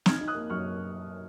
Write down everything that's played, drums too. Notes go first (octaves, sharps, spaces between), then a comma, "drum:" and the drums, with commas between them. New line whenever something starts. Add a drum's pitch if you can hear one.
D#4 F6 G#6, drum: snare
D#4
D#6 F#6
A#3
F#2 C#6 F6